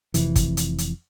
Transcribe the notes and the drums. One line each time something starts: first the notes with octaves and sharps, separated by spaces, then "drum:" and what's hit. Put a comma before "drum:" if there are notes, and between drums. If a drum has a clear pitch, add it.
F1 F2 C3 E3, drum: hi-hat
drum: kick, hi-hat
drum: hi-hat
drum: hi-hat